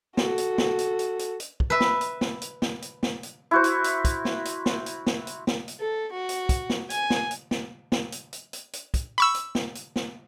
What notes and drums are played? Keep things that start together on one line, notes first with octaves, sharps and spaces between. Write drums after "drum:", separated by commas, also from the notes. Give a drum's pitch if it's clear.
F#4 A4, drum: snare
drum: hi-hat
drum: snare
drum: hi-hat
drum: hi-hat
drum: hi-hat
drum: hi-hat
drum: kick
B4 E5
drum: snare
drum: hi-hat
drum: snare
drum: hi-hat
drum: snare
drum: hi-hat
drum: snare
drum: hi-hat
E4 F#4 C5
drum: hi-hat
drum: hi-hat
drum: kick, hi-hat
drum: snare
drum: hi-hat
drum: snare
drum: hi-hat
drum: snare
drum: hi-hat
drum: snare
drum: hi-hat
A4
F#4
drum: hi-hat
drum: kick, hi-hat
drum: snare
G#5, drum: hi-hat
drum: snare
drum: hi-hat
drum: snare
drum: snare
drum: hi-hat
drum: hi-hat
drum: hi-hat
drum: hi-hat
drum: kick, hi-hat
B5 C#6 E6
drum: hi-hat
drum: snare
drum: hi-hat
drum: snare